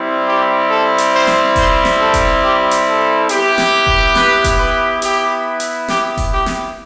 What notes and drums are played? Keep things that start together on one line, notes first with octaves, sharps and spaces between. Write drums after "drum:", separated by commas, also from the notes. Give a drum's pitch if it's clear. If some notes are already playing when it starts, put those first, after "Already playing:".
Already playing: G3 C4 E4
G4
A4
drum: hi-hat
C5
drum: snare
C5, drum: kick F1, open hi-hat
drum: snare
A4
drum: kick F1, hi-hat
G4
drum: hi-hat
A4
B3 E4 G4, drum: hi-hat
drum: snare
drum: kick F1
B4, drum: snare
drum: kick F1, hi-hat
B4
G4, drum: hi-hat
drum: hi-hat
G4, drum: snare
drum: kick F1, open hi-hat
G4
drum: snare